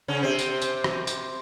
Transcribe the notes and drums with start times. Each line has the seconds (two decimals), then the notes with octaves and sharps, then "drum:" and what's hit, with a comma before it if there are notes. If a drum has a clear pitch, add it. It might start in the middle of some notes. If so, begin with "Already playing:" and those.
0.08 C#3 C#4
0.23 C3 C4
0.39 drum: tambourine
0.62 drum: tambourine
0.84 drum: rim click
1.07 drum: tambourine